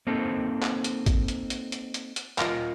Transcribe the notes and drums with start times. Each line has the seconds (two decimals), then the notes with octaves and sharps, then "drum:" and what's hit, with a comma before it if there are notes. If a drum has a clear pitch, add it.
0.07 A#3 C4 D#4 A4 C5
0.62 drum: clap
0.84 drum: hi-hat
1.06 drum: kick, hi-hat
1.28 drum: hi-hat
1.50 drum: hi-hat
1.72 drum: hi-hat
1.94 drum: hi-hat
2.16 drum: hi-hat
2.38 F4 A#4 D#5 F5, drum: clap